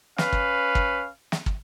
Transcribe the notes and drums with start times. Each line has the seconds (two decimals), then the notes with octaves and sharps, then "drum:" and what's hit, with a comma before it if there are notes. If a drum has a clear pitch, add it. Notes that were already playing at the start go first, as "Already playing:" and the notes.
0.18 C#4 B4 F5, drum: snare
0.33 drum: kick
0.75 drum: kick
1.32 drum: snare
1.46 drum: kick